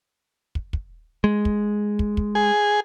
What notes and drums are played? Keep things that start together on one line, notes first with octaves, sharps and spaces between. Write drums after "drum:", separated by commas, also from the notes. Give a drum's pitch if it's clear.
drum: kick
drum: kick
G#3
drum: kick
drum: kick
drum: kick
G#4